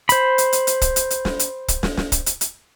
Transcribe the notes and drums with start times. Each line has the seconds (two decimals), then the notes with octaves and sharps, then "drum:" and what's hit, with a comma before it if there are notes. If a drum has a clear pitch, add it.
0.09 C5 B5, drum: hi-hat
0.38 drum: hi-hat
0.53 drum: hi-hat
0.67 drum: hi-hat
0.82 drum: kick, hi-hat
0.96 drum: hi-hat
1.10 drum: hi-hat
1.25 drum: snare
1.39 drum: hi-hat
1.68 drum: kick, hi-hat
1.83 drum: snare
1.97 drum: snare
2.12 drum: kick, hi-hat
2.26 drum: hi-hat
2.41 drum: hi-hat